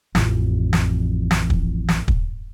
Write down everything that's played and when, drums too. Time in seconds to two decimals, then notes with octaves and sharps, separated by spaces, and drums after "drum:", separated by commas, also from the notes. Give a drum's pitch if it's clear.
0.15 A1 F2, drum: snare
0.73 drum: snare
1.31 drum: snare
1.50 drum: kick
1.89 drum: snare
2.08 drum: kick